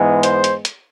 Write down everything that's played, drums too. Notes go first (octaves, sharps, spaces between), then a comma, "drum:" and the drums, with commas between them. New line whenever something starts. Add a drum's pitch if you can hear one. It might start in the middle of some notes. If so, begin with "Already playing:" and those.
Already playing: G#2 E3 G#3 B3
C5, drum: hi-hat
drum: hi-hat
drum: hi-hat